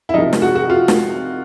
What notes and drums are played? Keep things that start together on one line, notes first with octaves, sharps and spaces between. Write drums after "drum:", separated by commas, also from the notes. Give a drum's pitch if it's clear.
E4
C2 C3 F3 D#4
drum: snare
F#4
F#4
F4
drum: snare